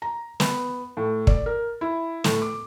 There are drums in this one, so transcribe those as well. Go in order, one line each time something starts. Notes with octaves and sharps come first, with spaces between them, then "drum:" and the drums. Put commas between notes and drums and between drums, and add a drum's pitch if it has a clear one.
A#5
B3, drum: snare
A2
D5, drum: kick
A#4
E4
A2, drum: snare
D6